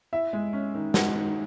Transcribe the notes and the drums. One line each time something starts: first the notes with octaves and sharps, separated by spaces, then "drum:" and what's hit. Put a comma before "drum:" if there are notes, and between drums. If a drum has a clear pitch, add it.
E4 E5
G#3
C#4
D#3
G#3 F#4 F#5, drum: snare
D#3